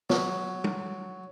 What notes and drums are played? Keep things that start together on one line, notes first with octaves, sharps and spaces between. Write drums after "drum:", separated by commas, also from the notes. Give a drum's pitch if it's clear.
F#3, drum: snare
drum: tom